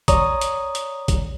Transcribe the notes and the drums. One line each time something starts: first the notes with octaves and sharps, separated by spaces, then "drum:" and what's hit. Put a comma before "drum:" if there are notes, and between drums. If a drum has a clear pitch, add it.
C#5 D5 A#5 D#6, drum: kick, hi-hat
drum: hi-hat
drum: hi-hat
drum: kick, hi-hat